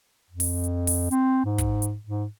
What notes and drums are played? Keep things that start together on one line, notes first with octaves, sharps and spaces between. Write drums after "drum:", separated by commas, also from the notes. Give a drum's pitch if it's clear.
F2
drum: open hi-hat
drum: hi-hat
drum: open hi-hat
C4, drum: hi-hat
G#2
drum: kick, hi-hat
drum: hi-hat
G#2